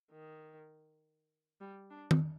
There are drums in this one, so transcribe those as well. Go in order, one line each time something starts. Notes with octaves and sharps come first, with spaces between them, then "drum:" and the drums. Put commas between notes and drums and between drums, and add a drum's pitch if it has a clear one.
D#3
G3
D4
drum: tom D#3